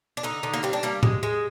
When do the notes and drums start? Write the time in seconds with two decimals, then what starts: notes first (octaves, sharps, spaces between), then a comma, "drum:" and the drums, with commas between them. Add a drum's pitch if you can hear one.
0.17 D4
0.23 D3 D#4
0.43 D3
0.53 A#3
0.63 G3 C4
0.73 D4
0.83 G3 A#3
1.03 G#3, drum: tom A2
1.23 G#3